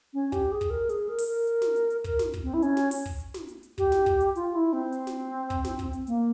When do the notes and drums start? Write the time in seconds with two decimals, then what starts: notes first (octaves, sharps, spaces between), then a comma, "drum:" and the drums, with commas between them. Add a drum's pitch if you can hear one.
0.14 C#4
0.32 G4, drum: kick, hi-hat
0.52 G#4
0.61 drum: kick, hi-hat
0.70 A#4
0.89 G#4, drum: hi-hat
1.09 A#4
1.18 drum: open hi-hat
1.28 A#4
1.47 drum: hi-hat
1.62 drum: snare
1.76 drum: hi-hat
1.90 drum: hi-hat
2.04 A#4, drum: kick, hi-hat
2.19 drum: snare
2.34 drum: kick, hi-hat
2.43 C4
2.54 E4
2.62 C#4, drum: hi-hat
2.77 drum: snare
2.91 drum: open hi-hat
3.05 drum: kick, hi-hat
3.20 drum: hi-hat
3.34 drum: snare
3.49 drum: hi-hat
3.63 drum: hi-hat
3.78 G4, drum: kick, hi-hat
3.92 drum: snare
4.06 drum: kick, hi-hat
4.21 drum: hi-hat
4.36 F4, drum: hi-hat
4.55 E4
4.73 C4
4.93 drum: hi-hat
5.07 drum: snare
5.50 drum: kick, hi-hat
5.64 drum: snare
5.79 drum: kick, hi-hat
5.93 drum: hi-hat
6.07 A#3, drum: hi-hat